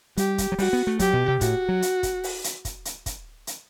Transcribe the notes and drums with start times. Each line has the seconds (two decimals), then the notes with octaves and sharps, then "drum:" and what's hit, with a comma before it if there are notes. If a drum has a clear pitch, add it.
0.17 G3 G4, drum: hi-hat
0.38 drum: kick, hi-hat
0.52 F#3
0.59 G3 F#4, drum: open hi-hat
0.73 B3
0.87 A3
0.99 F#3 G4, drum: kick, hi-hat
1.13 B2
1.28 C3
1.41 A2 F#4, drum: kick, hi-hat
1.69 F#3
1.82 drum: hi-hat
2.03 drum: kick, hi-hat
2.24 drum: open hi-hat
2.44 drum: hi-hat
2.65 drum: kick, hi-hat
2.85 drum: hi-hat
3.06 drum: kick, hi-hat
3.47 drum: hi-hat